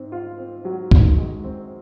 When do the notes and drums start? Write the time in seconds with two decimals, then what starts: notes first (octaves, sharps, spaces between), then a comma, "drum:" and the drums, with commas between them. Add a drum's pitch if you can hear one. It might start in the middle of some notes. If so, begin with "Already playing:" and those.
Already playing: G#2 C4
0.12 F4
0.38 C4
0.65 F#3
0.91 D#3, drum: kick
1.18 G#3
1.44 C4